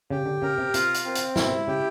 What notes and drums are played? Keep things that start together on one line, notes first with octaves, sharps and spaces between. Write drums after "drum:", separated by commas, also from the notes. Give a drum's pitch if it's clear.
C#3 G4
D3
C#3 A#4
C3
C3 F4, drum: hi-hat
drum: hi-hat
C4
drum: hi-hat
B2 E4, drum: snare
C3
C#3 G4